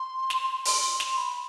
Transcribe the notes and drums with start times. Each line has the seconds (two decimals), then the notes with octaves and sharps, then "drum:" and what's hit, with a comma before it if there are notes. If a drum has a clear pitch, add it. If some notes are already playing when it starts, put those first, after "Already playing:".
Already playing: C6
0.30 drum: snare
0.65 C6, drum: open hi-hat
0.82 C6
1.00 C6, drum: snare
1.17 B5